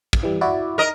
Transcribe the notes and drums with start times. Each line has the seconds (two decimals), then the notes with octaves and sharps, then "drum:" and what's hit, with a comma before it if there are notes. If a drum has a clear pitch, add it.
0.13 drum: kick
0.23 E3 G3
0.41 E4 F#4 D5
0.78 A#4 D#5